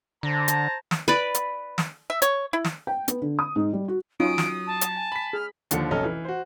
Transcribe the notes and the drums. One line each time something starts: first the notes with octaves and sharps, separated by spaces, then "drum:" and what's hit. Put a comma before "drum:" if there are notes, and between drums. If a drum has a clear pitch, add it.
D3 C5 A5 A#5
drum: hi-hat
drum: snare
B4 D5
drum: hi-hat
drum: snare
E5
C#5, drum: hi-hat
E4
drum: snare
G5
B3, drum: hi-hat
D3
D#6
G#2
G3
F#4
F#3 C#4 D#4 F4 D#6 D7
drum: snare
A5
drum: hi-hat
G#5
B5 B6
G#4 F6
D#2 D3 F3 C#7, drum: hi-hat
F1 B1 C#4 A4 D#5 F6
E3
F#4 C5